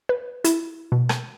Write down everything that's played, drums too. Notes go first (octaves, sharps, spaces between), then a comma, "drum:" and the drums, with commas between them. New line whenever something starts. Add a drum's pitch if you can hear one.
B4
E4, drum: hi-hat
B2
drum: rim click